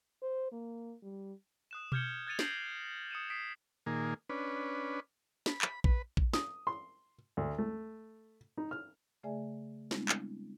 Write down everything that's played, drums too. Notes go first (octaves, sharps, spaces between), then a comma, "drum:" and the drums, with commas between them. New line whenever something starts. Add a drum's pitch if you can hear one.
C5
A#3
G3
D#6 F#6 E7
D6 F6 G6 G#6 C#7 G7, drum: tom B2
F#6 G#6 A6 C#7 D#7 F7
G6 A#6 C7 D7 F7 F#7, drum: snare
D#6 C#7 D#7 E7
D#6 B6 C7 D7
A#2 D#3 A#3 G#4
C#4 D4 B4
B5, drum: snare
drum: clap
B4, drum: kick A#1
drum: kick A#1
D#6, drum: snare
C6
D2
A3
D#4
F6
C#3 A3 G#4 D5 E5 G#5
G3 G#3 B3 C4 D4 E4, drum: snare
drum: clap